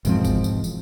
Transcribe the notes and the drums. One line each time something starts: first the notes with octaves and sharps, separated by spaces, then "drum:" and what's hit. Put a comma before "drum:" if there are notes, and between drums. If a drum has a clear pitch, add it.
E1 G#2 F3 C4, drum: tambourine
drum: kick F#1, tambourine
drum: tambourine
drum: tambourine